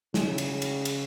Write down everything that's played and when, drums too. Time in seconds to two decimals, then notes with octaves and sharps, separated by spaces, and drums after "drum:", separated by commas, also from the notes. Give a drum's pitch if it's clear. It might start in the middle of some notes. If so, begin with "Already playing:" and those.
0.14 C#3, drum: snare
0.38 drum: cymbal
0.62 drum: cymbal
0.85 drum: cymbal